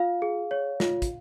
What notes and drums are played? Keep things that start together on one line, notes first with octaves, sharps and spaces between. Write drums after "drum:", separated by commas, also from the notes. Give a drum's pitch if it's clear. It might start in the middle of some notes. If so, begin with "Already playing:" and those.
Already playing: F4 F5
G#4
C#5
F4, drum: snare
drum: kick, hi-hat